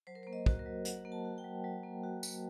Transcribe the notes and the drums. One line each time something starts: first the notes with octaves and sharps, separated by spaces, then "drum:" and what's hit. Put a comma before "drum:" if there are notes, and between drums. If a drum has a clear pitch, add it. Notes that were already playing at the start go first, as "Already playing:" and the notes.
F#3 C5
A#4
C5
A#3
D#5
F#4, drum: kick
A#4
F#3
F#3 F#5, drum: hi-hat
A#3
A5
F#4
G5
F#3
F#3
A#3
F#4
F#3, drum: tambourine